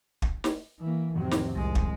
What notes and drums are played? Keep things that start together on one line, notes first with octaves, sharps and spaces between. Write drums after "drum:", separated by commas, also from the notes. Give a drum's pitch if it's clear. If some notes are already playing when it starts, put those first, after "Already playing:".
drum: kick
drum: snare
E3 A#3
F2 A2 C3 D#3 F#3
drum: snare
C2 G#3
drum: kick